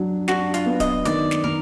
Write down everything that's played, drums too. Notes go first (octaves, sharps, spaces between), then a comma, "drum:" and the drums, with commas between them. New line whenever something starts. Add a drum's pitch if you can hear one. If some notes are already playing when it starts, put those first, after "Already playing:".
Already playing: F#3 D4
D4 F#4, drum: snare
F4, drum: hi-hat
B3
D#5, drum: kick D1, hi-hat
D#3 D5, drum: hi-hat
drum: snare
D#3 A#4